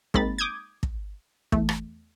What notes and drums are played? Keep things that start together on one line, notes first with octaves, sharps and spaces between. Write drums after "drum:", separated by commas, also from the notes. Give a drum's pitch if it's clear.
G#3 A#3 C4 D#4 B5 A6, drum: kick
D6 D#6 G6 G#6
drum: kick
E2 A3, drum: kick
drum: rim click